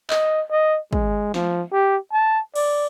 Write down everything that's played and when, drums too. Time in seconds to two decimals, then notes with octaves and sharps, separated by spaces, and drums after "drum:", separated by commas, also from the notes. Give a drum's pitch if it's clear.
0.10 D#5, drum: clap
0.51 D#5
0.93 G#3, drum: kick
1.34 F3, drum: snare
1.73 G4
2.12 A5
2.55 D5, drum: cymbal